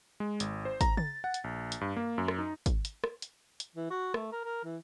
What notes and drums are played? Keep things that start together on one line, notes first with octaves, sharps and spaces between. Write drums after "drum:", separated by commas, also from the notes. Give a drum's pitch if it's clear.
G#3
G#1, drum: hi-hat
C5
A#5, drum: kick G#1, hi-hat
A6, drum: tom C#3
F#5
drum: hi-hat
A#1
drum: hi-hat
G2
A#3
F#2
drum: rim click
D#4
drum: kick G#1, hi-hat
drum: hi-hat
drum: rim click
drum: hi-hat
drum: hi-hat
E3
F#4
A3, drum: rim click
A#4
A#4
E3